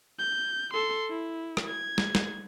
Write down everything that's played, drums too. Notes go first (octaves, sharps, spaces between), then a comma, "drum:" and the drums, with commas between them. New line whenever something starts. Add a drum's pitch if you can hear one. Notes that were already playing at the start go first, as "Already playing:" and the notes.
G6
A4 C6
E4
drum: rim click
G#6
drum: snare
drum: snare